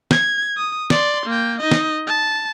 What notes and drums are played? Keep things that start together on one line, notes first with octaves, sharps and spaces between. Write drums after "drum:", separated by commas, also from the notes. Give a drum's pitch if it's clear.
G#6, drum: snare
D#6
D5 C6, drum: snare
A#3 G5
D#4 D#5
drum: snare
A5